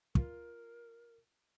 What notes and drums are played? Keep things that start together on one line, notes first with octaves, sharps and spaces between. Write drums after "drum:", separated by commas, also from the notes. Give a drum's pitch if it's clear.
F4 A#4, drum: kick